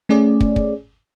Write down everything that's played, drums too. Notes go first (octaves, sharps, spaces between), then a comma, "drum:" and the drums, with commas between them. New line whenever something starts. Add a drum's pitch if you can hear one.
A3 C#4 G#4 D5
drum: kick
drum: kick